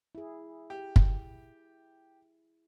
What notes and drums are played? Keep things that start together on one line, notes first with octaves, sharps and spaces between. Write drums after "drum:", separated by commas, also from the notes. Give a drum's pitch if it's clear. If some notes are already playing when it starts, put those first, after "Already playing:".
E4 G#4
G4
drum: kick F#1